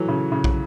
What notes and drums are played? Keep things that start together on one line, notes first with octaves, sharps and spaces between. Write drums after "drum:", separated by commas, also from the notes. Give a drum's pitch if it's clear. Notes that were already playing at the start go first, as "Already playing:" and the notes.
Already playing: E3 F#3 A3
C#3
C#3
drum: kick